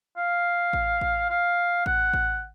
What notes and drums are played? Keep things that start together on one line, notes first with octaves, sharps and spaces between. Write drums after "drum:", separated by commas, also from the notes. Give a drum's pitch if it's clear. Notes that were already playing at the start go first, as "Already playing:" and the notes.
F5
drum: kick A1
drum: kick A1
F5
F#5, drum: kick A1
drum: kick A1